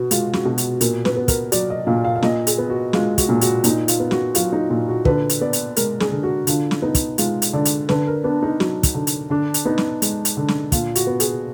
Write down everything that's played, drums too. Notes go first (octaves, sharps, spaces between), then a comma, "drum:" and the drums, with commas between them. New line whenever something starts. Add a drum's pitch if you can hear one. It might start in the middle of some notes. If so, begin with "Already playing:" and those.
Already playing: B2 B3 F#4
G#3 F4, drum: hi-hat
F#4, drum: snare
B2
drum: hi-hat
A#2 A#4, drum: hi-hat
B4, drum: snare
B3
A#4, drum: kick, hi-hat
F#3 D5, drum: hi-hat
D#5
A#2 F5
F5
F5
A#2 D#5, drum: snare
G#4, drum: hi-hat
B3
F#4
G#3 F4, drum: snare
F#4, drum: kick, hi-hat
A#2
F#4, drum: hi-hat
A#2 D#4, drum: hi-hat
F4, drum: hi-hat
B3
F#4, drum: snare
F#3 F4, drum: hi-hat
D#4
A#2 F4
F#4
D3 B4, drum: kick
drum: hi-hat
B3 D5
drum: hi-hat
G#3 A#4, drum: hi-hat
G#4, drum: snare
D3
F#4
D3 F4, drum: hi-hat
drum: snare
B3 D#4
drum: kick, hi-hat
G#3 F4, drum: hi-hat
drum: hi-hat
D3 D5
drum: hi-hat
D3 B4, drum: snare
A#4
B3 D4
D#4
F#3, drum: snare
drum: kick, hi-hat
D3
drum: hi-hat
D3 D4
drum: hi-hat
B3 D#4
drum: snare
G#3, drum: hi-hat
drum: hi-hat
D3
drum: snare
A#2 F4, drum: kick, hi-hat
F#4, drum: hi-hat
B3
G#4, drum: hi-hat